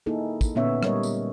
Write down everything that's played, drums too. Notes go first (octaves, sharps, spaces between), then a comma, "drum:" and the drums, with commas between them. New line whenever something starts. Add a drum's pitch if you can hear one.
A#3 D#4 E4 G#4 A4
drum: kick, tambourine
A#2 D3 B3 C#4 C#5 E5
G3 G#3 A#4 C#5 D#5, drum: rim click
drum: tambourine